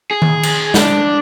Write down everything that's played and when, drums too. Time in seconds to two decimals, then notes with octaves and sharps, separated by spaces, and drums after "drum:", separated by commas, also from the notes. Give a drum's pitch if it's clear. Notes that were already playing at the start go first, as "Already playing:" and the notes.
0.11 G#4
0.22 drum: tom D#3
0.43 drum: cymbal
0.74 D4, drum: snare